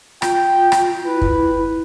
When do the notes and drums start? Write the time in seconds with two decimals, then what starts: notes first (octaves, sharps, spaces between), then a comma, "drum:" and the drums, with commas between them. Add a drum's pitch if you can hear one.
0.22 F4 G5, drum: rim click
0.72 drum: rim click
1.06 E4 B4
1.22 drum: kick